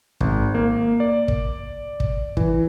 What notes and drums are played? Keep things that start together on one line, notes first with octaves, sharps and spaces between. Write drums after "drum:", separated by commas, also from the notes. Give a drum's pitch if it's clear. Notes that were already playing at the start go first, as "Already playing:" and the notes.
G#1, drum: kick
A#3
D5
drum: kick
drum: kick
E3, drum: kick